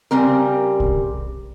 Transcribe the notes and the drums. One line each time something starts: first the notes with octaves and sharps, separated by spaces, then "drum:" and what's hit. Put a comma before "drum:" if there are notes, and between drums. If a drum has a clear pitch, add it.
C#3 G3 C4 A#4
drum: kick